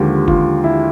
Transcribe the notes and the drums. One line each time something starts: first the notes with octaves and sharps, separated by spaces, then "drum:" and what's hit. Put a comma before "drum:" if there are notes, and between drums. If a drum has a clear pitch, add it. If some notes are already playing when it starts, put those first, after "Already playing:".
Already playing: D#2 D3 F3 G#3 F4 G4
F4, drum: kick
E4